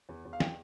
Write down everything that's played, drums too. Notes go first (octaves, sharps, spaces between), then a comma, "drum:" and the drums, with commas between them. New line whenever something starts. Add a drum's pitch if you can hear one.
E2
E2
F5
G5, drum: snare